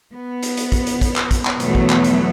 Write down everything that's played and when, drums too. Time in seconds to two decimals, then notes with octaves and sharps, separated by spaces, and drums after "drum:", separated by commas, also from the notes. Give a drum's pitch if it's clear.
0.13 B3
0.43 drum: hi-hat
0.57 drum: hi-hat
0.72 drum: kick, hi-hat
0.87 drum: hi-hat
1.01 drum: kick, hi-hat
1.16 drum: clap
1.31 drum: kick, hi-hat
1.46 drum: clap
1.60 E2 B2 F#3 A3 B3, drum: hi-hat
1.75 drum: kick
1.90 drum: clap
2.04 drum: hi-hat